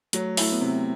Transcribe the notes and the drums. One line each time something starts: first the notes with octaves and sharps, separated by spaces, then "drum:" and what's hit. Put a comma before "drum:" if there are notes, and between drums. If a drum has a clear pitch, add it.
F#3 A3, drum: hi-hat
A3 E4, drum: open hi-hat
B3
C3 C4